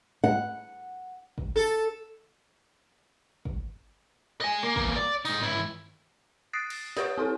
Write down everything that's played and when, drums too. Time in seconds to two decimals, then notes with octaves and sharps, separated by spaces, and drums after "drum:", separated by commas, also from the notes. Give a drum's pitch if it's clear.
0.24 F#5
1.38 drum: kick
1.56 A4
3.45 drum: kick
4.41 D#5 G#5
4.63 A#3
4.76 E3 A#3, drum: kick
4.96 D5
5.25 G#2 D#4, drum: open hi-hat
5.42 C#2 E4, drum: tom
5.57 drum: tom D#3
6.53 D#6 F#6 A6 A#6 C7 D7
6.70 A6, drum: cymbal
6.97 G4 B4 C#5 F#5 C#6 D#6, drum: snare
7.18 C4 E4 A4